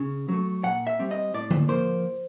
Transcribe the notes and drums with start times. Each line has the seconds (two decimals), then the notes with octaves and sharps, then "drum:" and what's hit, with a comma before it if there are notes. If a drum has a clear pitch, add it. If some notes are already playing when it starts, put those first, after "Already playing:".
Already playing: C#3
0.29 F#3 A3
0.64 A#2 F#5
0.87 E5
0.99 G3 C4
1.11 D#5
1.34 A2 D5
1.51 drum: tom D3
1.69 F3 A#3 C5